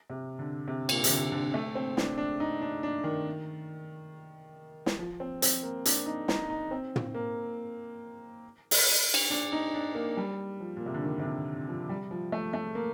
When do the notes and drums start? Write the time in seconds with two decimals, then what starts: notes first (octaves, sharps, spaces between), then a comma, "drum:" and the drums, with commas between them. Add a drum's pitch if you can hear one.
0.10 C3
0.39 D3
0.68 C3
0.89 A#2, drum: cymbal
1.04 C3, drum: hi-hat
1.10 D3
1.32 D3
1.54 A3
1.75 C4
1.97 D4, drum: snare
2.18 D4
2.40 D#4
2.62 D4
2.83 D4
3.04 D#3
4.86 drum: snare
4.99 F3
5.20 C4
5.42 C4, drum: hi-hat
5.63 A#3
5.85 D4, drum: hi-hat
6.06 D#4
6.28 D#4, drum: snare
6.50 D#4
6.71 C4
6.96 drum: tom
7.14 A#3
8.71 drum: open hi-hat
9.14 drum: cymbal
9.30 D4
9.53 D#4
9.74 D4
9.95 A#3
10.17 G3
10.60 F3
10.77 A#2
10.86 C3
10.94 D3
11.04 D#3
11.19 C3
11.25 D3
11.68 F3
11.89 G3
12.11 F3
12.32 A3
12.53 A3
12.75 A#3